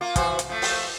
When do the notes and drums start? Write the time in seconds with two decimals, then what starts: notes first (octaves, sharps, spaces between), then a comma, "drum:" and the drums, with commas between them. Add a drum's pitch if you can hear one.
0.01 A#3 F4
0.16 E3 F#4 C5, drum: kick, hi-hat
0.39 drum: hi-hat
0.49 F3 A3
0.62 drum: open hi-hat